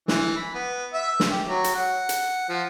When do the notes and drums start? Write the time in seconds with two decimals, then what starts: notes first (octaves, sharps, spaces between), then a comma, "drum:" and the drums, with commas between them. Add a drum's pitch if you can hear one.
0.08 E3, drum: snare
0.36 B5
0.54 B3
0.93 E5
1.20 drum: snare
1.31 G4
1.47 F#3
1.64 drum: hi-hat
1.75 F#5
2.09 drum: hi-hat
2.49 F3